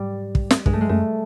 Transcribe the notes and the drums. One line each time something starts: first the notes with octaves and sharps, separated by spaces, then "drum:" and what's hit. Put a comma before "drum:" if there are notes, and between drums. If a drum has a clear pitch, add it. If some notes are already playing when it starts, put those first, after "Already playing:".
Already playing: G#2 G3
drum: kick
drum: snare
G2 G#3, drum: kick
A3
G#3
F#2 A3